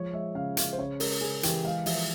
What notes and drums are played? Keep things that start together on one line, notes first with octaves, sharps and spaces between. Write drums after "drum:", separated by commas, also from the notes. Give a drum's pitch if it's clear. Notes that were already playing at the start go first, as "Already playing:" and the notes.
Already playing: F3 G#3 C#5
G#3 E5
C#3 F5
C#3 F5, drum: hi-hat
C5
C#3 C#5
G#3 A#4, drum: open hi-hat
C#3 G#4
E3 G4, drum: hi-hat
G#3 F5
F3 E5, drum: open hi-hat